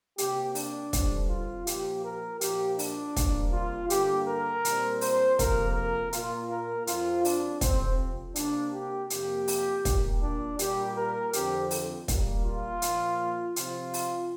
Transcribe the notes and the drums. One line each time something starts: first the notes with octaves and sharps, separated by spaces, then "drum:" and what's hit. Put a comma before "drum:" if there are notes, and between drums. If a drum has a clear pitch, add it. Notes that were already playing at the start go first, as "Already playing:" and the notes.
C3 A#3 G4, drum: hi-hat
D4, drum: open hi-hat
G2 D3 G3 C4, drum: kick, hi-hat
F4
A#2 F3 A#3 G4, drum: hi-hat
A#4
A#2 F3 A#3 G4, drum: hi-hat
D4, drum: open hi-hat
C3 G3 A#3, drum: kick, hi-hat
F4
G2 D3 A#3 G4, drum: hi-hat
A#4
A#2 G3 C4, drum: hi-hat
C5, drum: open hi-hat
F2 C3 A#3 A#4, drum: kick, hi-hat
A#4
A#2 A#3 F4, drum: hi-hat
A#4
F2 F3 C4 F4, drum: hi-hat
D4, drum: open hi-hat
F2 C3 F3 C4, drum: kick, hi-hat
C3 A#3 D4, drum: hi-hat
G4
F2 C3 A#3 G4, drum: hi-hat
drum: open hi-hat
A#2 A#3, drum: kick, hi-hat
D4
A#2 G3 A#3 G4, drum: hi-hat
A#4
F2 D3 F3 C4 G4, drum: hi-hat
drum: open hi-hat
A#2 G3 A#3, drum: kick, hi-hat
F4
A#2 F3 A#3, drum: hi-hat
C3 F3 C4 F4, drum: hi-hat
drum: open hi-hat